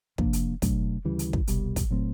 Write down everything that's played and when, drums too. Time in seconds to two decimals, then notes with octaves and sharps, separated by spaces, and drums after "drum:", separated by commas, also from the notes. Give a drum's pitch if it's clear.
0.18 C3 F3 A#3 D4, drum: kick
0.33 drum: hi-hat
0.62 B2 F#3 A3 D4, drum: kick, hi-hat
1.05 D2 C#3 E3 G3
1.19 drum: hi-hat
1.33 drum: kick
1.47 C2 B2 G3, drum: hi-hat
1.76 drum: kick, hi-hat
1.90 A#2 F#3 A3 C4